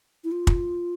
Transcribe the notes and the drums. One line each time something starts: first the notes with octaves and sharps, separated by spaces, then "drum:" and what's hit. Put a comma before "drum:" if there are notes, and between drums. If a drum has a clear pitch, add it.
E4
F4
drum: kick